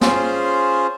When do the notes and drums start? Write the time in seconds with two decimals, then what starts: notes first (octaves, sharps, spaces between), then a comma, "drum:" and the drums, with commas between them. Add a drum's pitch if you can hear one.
0.01 C#4 F4 G#4 C5, drum: snare